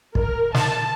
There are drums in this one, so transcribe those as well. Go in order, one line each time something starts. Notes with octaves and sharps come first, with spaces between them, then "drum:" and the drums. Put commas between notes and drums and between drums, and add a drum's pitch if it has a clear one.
A#4, drum: kick
A5, drum: snare